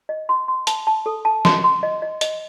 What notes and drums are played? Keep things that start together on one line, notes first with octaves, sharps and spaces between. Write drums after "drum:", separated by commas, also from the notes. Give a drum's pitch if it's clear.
D#5
C6
C6
A5, drum: hi-hat
A5
A4
A5
C6, drum: snare
C6
D#5
D#5
D#5, drum: hi-hat